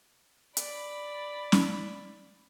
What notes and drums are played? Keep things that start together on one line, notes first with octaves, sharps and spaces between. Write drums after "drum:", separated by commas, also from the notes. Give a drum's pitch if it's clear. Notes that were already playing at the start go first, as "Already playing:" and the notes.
D5 B5, drum: hi-hat
drum: snare C#4